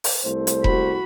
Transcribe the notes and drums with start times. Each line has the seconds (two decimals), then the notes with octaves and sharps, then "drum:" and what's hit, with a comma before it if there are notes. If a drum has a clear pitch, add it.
0.04 drum: open hi-hat
0.24 C2 A3 C5
0.47 drum: hi-hat
0.64 F#4 B5, drum: kick E1